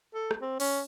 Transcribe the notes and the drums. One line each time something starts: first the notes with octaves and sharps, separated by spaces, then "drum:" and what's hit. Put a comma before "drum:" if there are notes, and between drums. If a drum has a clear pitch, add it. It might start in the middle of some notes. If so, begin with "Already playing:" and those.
A4
drum: rim click
C4
C#4, drum: open hi-hat